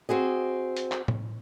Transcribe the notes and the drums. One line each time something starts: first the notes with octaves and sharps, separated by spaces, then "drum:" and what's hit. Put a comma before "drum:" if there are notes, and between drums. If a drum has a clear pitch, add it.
C4 F#4 G#4 D#5
drum: hi-hat
drum: clap
drum: tom A2